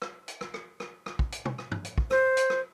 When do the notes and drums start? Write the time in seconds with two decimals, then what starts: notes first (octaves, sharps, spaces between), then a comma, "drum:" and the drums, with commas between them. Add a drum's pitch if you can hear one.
0.02 drum: rim click
0.28 drum: hi-hat
0.41 drum: rim click
0.54 drum: rim click
0.80 drum: rim click
1.06 drum: rim click
1.19 drum: kick
1.32 drum: hi-hat
1.45 drum: tom
1.58 drum: rim click
1.71 drum: tom G2
1.85 drum: hi-hat
1.98 drum: kick
2.11 C5, drum: rim click
2.37 drum: hi-hat
2.50 drum: rim click